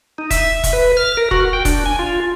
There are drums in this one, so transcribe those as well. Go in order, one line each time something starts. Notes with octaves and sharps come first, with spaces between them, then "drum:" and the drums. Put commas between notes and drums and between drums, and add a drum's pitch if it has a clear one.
D#4
E5, drum: kick E1, hi-hat
drum: kick E1, hi-hat
B4
F6
A#4
F#4, drum: kick E1
G5
D4, drum: kick E1, hi-hat
G#5
F4